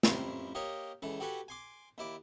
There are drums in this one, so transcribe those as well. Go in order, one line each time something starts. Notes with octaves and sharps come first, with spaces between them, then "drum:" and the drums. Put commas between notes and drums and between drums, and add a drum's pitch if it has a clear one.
A1 F2 G3 E4 A#4 C5, drum: snare
A#3 G4 A#4 C#5 D#5 A#5
C#2 E3 A4
F#4 G4 A4 B4 F#5 G#5
G#5 C6 D6
D#2 E4 D6